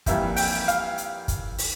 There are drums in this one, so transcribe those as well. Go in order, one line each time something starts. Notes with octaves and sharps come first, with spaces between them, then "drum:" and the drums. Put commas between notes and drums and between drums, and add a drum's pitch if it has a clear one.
F2 E3 G3 A#3 E5, drum: kick, hi-hat
G5, drum: open hi-hat
F5, drum: hi-hat
drum: hi-hat
drum: kick, hi-hat
drum: open hi-hat